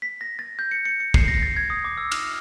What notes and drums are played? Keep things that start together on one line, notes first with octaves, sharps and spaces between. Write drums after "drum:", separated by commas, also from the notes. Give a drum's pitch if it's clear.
B6
A#6
A6
G6
C#7
C#7
C#7
C7, drum: kick
A#6
A6
G#6
D#6
D6
E6
F6, drum: cymbal